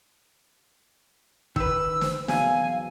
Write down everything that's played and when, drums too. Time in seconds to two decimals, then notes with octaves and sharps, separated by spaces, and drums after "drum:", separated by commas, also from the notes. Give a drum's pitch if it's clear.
1.56 D#3 B4 E6, drum: kick
2.01 C5, drum: snare
2.28 B1 E2 B2 F5 G#5, drum: snare